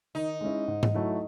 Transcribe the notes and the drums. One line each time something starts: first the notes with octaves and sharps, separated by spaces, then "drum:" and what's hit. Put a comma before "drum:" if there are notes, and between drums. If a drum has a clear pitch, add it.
D#3 D#4
G#3 C#4 E4
G#2
drum: tom G#2
F#3 A3 E4